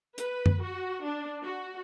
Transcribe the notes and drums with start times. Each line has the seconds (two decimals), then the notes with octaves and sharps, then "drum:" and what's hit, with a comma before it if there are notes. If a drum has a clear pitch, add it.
0.18 B4, drum: hi-hat
0.46 drum: tom F#2
0.62 F#4
1.05 D4
1.43 F#4